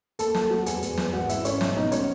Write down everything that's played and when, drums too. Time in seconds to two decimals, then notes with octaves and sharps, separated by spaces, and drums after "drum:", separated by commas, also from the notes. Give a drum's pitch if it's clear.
0.19 D#2 A4 A5, drum: hi-hat
0.35 D#2 A4 A5, drum: snare
0.51 F#3
0.66 E2 G#4 G#5, drum: hi-hat
0.82 E2, drum: hi-hat
0.97 E2, drum: snare
1.13 G#1 F#4 F#5
1.29 G#1 E4 E5, drum: hi-hat
1.45 G#1 C#4 C#5, drum: hi-hat
1.61 B1, drum: snare
1.76 B2 D#4 D#5
1.92 F#3 C#4 C#5, drum: hi-hat